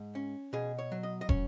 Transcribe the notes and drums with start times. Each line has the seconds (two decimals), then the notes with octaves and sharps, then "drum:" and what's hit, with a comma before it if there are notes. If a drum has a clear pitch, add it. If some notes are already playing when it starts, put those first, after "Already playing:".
Already playing: G#2
0.15 C#4
0.53 B2 G#4
0.79 C#5
0.92 F#3
1.03 D#5
1.21 D#5
1.29 C#4 C#5, drum: kick